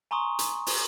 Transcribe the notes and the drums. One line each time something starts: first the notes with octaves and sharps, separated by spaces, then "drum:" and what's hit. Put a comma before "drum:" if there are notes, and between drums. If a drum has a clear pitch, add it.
G#5 A#5 C6 C#6 D#6
drum: hi-hat
drum: open hi-hat